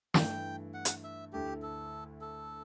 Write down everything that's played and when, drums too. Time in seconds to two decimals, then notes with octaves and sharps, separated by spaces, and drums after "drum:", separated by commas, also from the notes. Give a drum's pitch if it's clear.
0.14 G2 E3 A3 G5, drum: snare
0.74 F#5
0.85 drum: hi-hat
1.04 E5
1.33 D2 D3 A3 E4 G4
1.62 A4
2.21 A4